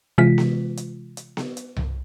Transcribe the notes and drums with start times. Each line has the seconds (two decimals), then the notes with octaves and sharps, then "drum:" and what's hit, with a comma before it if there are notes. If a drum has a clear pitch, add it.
0.18 C3 E3 G#3 F4 B6
0.38 drum: snare B3
0.77 drum: hi-hat
1.17 drum: hi-hat
1.37 drum: snare B3
1.57 drum: hi-hat
1.77 drum: tom C2